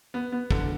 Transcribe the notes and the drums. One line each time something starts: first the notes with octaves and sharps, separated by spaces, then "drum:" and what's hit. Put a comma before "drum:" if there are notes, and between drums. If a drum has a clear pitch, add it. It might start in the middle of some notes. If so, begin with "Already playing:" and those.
B3
B3
D3, drum: kick